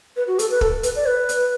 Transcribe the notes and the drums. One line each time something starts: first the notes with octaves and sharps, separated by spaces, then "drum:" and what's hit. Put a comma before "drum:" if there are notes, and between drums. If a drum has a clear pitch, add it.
B4
F#4
A4, drum: hi-hat
B4
A4, drum: kick
B4, drum: hi-hat
D5
B4
drum: hi-hat